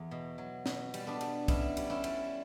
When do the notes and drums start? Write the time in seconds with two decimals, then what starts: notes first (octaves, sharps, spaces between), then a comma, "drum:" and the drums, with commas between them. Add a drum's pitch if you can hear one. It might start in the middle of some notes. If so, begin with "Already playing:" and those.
Already playing: E2
0.11 B2
0.38 F#3
0.66 B2, drum: snare
0.94 G3, drum: cymbal
1.07 B3 D4
1.21 G3, drum: cymbal
1.48 B2 C#4 E4, drum: kick, cymbal
1.77 G3, drum: cymbal
1.90 C#4 E4
2.04 G3, drum: cymbal